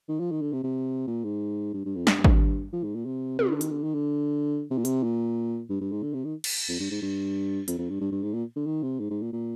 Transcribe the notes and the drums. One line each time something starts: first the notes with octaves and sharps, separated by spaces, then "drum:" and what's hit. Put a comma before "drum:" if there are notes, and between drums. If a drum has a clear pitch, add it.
D#3
F3
D#3
D3
C3
C3
A#2
G#2
G2
G2
F2
G2, drum: snare
drum: kick G#1
F3
G#2
A#2
C3
C3, drum: tom
D3
D#3, drum: hi-hat
D3
D#3
D3
C3
A#2
C3, drum: hi-hat
A#2
G2
G2
G#2
D3
C3
D#3
drum: cymbal
F2
G2
G#2
G2
F2, drum: hi-hat
F2
G2
G2
G2
G#2
A#2
D3
D#3
C3
G#2
G#2
A#2
A#2